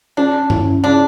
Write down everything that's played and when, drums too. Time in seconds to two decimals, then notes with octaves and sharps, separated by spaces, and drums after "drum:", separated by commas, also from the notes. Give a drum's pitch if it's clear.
0.17 C#4 D4
0.50 E4, drum: tom G2
0.84 C#3 D4